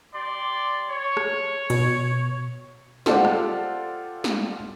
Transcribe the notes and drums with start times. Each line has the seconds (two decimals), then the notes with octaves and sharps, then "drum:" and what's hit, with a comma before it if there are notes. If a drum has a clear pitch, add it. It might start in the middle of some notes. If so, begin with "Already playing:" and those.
0.13 G4 D5 C6
0.89 C#5
1.17 drum: rim click
1.70 B2, drum: cymbal
3.06 F4 G4 A4 C5 D5 F#5, drum: snare
3.25 drum: rim click
4.24 drum: snare